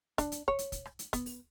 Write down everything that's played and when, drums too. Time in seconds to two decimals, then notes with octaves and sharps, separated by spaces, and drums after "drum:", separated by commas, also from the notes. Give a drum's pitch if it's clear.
0.18 D4, drum: kick, hi-hat
0.32 drum: hi-hat
0.48 C#5, drum: kick
0.59 drum: hi-hat
0.72 drum: kick, hi-hat
0.85 drum: rim click
0.99 drum: hi-hat
1.13 B3, drum: kick, hi-hat
1.26 drum: open hi-hat